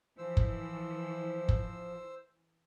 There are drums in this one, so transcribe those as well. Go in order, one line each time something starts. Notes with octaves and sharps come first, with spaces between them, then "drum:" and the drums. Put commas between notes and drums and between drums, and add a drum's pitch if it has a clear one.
E3 F3 C5 E6
drum: kick
drum: kick